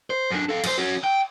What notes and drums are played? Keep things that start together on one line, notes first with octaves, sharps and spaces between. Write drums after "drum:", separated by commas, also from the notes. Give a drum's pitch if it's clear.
C5
F#2 D4
A4 F5
F#2 C5, drum: cymbal
C#4 F#4
G5